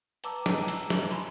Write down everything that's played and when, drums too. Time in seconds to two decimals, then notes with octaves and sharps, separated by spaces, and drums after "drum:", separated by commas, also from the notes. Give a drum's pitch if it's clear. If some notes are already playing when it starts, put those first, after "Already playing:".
0.24 B4 A5 A#5 D6 E6, drum: hi-hat
0.46 drum: snare
0.68 drum: hi-hat
0.90 drum: snare
1.11 G#5 B5 C6, drum: hi-hat